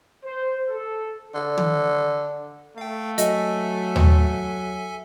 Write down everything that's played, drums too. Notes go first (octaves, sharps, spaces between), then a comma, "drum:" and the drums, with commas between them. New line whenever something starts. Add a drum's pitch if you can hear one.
C5
A4
D3
drum: tom
A3 F5 G5
F#3 A4 D#5 E5 G#5, drum: hi-hat
drum: tom D#2